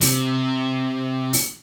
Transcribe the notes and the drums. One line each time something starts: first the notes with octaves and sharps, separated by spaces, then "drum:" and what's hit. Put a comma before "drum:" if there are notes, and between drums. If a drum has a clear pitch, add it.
C3, drum: open hi-hat
drum: open hi-hat